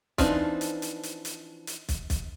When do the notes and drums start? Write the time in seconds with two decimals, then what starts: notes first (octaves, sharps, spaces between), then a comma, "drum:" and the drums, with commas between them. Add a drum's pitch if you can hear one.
0.18 E3 F3 C4 D4 D#4, drum: kick, hi-hat
0.61 drum: hi-hat
0.82 drum: hi-hat
1.03 drum: hi-hat
1.25 drum: hi-hat
1.67 drum: hi-hat
1.89 drum: kick, hi-hat
2.10 drum: kick, hi-hat